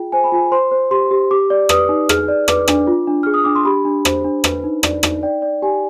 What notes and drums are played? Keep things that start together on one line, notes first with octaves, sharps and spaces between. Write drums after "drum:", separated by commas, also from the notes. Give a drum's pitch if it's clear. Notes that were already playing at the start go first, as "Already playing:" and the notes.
Already playing: F4 G#4 G5
C5 G#5
B5
F4 G#5
C5 C6
C5
G4 C6
G4
G4 D6
D5
B4 D#6, drum: rim click
D#4
G#4 F6, drum: rim click
D5
B4 D6, drum: rim click
D4, drum: rim click
F4
D4
G#4 F6
D#6
D4 D6
C6
G4 B5
D4
C5, drum: rim click
D4
B4, drum: rim click
D#4
D5, drum: rim click
D#4, drum: rim click
D5 G5
D5
G4 G#5